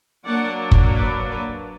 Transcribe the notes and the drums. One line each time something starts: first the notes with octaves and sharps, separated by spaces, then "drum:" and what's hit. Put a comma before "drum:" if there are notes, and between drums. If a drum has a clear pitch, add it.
F#3 A#3 D4 D5 F#5
drum: kick
B4 D5
B4 D5